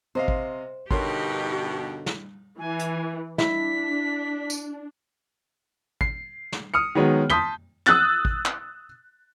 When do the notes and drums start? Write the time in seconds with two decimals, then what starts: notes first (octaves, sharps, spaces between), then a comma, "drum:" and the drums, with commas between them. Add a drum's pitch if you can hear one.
0.15 C3 C5 D#5 F5
0.28 drum: kick G#1
0.91 G2 B2 D3 D#4 G4 A#4 C#5 C6, drum: kick G#1
2.06 drum: snare
2.59 E3 G#5
2.79 drum: hi-hat
3.38 D4 E4 B6, drum: snare
4.50 drum: tambourine
6.01 C7, drum: kick G#1
6.52 drum: snare
6.74 D#6 F6 C#7
6.95 D#3 F#3 G#3 B3 C#5
7.30 A5 C6 D#6 G6 B6 G7, drum: tom
7.87 D#6 E6 F#6 A6, drum: clap
8.25 drum: kick G#1
8.45 drum: clap